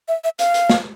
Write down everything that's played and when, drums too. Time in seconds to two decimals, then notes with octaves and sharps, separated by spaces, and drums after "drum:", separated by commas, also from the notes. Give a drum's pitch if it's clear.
0.08 E5
0.24 E5
0.39 F5, drum: hi-hat
0.54 drum: hi-hat
0.69 drum: snare